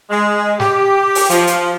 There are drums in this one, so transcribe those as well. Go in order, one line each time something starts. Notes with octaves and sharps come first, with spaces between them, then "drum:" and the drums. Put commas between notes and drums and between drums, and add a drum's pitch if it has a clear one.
G#3
G4, drum: snare
drum: open hi-hat
F3, drum: hi-hat
drum: hi-hat